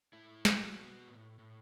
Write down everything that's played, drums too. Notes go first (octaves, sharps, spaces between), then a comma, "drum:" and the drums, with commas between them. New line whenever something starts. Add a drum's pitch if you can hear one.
A2 E4
F#3, drum: snare
F#4
B3
A2
A2